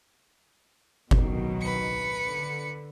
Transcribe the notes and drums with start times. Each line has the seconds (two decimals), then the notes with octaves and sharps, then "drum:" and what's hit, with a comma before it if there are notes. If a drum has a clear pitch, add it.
1.11 B2 D#3 F#3, drum: kick G1
1.61 B4 C#7
2.23 D3